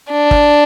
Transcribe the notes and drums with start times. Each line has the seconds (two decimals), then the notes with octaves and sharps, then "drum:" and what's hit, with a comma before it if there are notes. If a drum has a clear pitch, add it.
0.11 D4
0.31 drum: kick